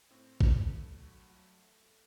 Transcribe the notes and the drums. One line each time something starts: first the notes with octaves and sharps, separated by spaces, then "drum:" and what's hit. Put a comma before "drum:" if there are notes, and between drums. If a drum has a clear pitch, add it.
A2 C4
G2 A3, drum: kick A1
G2
F#3
F#3